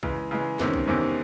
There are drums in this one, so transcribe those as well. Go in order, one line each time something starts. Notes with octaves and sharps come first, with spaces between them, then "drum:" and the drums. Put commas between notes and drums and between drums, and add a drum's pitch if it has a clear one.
C#3 E3 G#3, drum: kick B1
C#3 E3 G#3
E2 C3 D#3 G#3 C#4, drum: snare
drum: kick B1
E2 C3 D#3 G#3 C#4